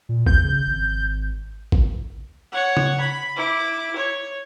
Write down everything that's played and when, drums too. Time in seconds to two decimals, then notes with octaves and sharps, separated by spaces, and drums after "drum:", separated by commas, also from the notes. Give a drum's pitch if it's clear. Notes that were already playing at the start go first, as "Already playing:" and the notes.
0.09 A#2
0.26 E2 G6, drum: kick A1
0.44 C#3
0.67 G#1
1.72 drum: kick A1
2.52 C#5 F#5
2.77 drum: tom C#3
3.00 B5
3.37 E4 D6
3.96 C#5